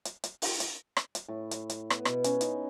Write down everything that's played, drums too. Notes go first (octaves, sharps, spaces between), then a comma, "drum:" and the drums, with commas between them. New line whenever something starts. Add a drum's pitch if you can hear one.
drum: hi-hat
drum: hi-hat
drum: open hi-hat
drum: hi-hat
drum: rim click
drum: hi-hat
A2
drum: hi-hat
drum: hi-hat
B3, drum: rim click
B2, drum: rim click
C#4, drum: hi-hat
D#4, drum: hi-hat